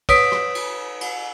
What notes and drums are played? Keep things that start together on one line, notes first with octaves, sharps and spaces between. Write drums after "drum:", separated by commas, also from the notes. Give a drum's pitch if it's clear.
B4 C#5 D#6 E6 B6 D7, drum: kick, cymbal
drum: rim click
drum: cymbal
drum: cymbal